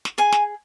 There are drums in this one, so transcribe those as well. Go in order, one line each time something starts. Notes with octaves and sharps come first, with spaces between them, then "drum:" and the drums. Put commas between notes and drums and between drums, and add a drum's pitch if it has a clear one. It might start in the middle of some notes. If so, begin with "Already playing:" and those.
drum: snare
G#4 G#5
drum: snare